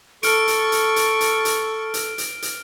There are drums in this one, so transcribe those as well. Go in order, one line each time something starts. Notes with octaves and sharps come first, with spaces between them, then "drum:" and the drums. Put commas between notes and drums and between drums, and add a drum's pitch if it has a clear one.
A4 C#6 F6 D7, drum: hi-hat
drum: hi-hat
drum: hi-hat
drum: hi-hat
drum: hi-hat
drum: hi-hat
drum: hi-hat
drum: hi-hat
drum: hi-hat